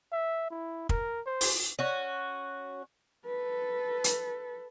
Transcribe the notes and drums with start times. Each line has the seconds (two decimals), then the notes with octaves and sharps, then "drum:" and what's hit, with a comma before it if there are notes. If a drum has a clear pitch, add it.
0.12 E5
0.51 E4
0.89 A#4, drum: kick
1.26 C5
1.41 drum: open hi-hat
1.79 C#4 F#4
3.25 A4 B4
4.04 drum: hi-hat